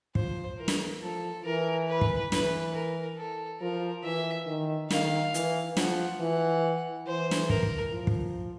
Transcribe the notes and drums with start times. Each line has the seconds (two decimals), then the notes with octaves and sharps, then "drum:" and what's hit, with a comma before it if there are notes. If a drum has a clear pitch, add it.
0.15 F3 C5, drum: kick
0.59 E3 A#4
0.68 drum: snare
1.02 F3 A4
1.44 E3 A#4
1.88 B4
2.01 drum: kick
2.32 E3 B4, drum: snare
2.74 A#4
3.18 A4
3.61 F3 A#4
4.03 E3 E5
4.47 D#3
4.90 D#3 F5, drum: snare
5.34 E3, drum: hi-hat
5.77 F3 F#5, drum: snare
6.19 E3 F#5
7.07 E3 C5
7.31 drum: snare
7.50 A#4, drum: kick
7.63 drum: kick
7.92 F3
8.07 drum: kick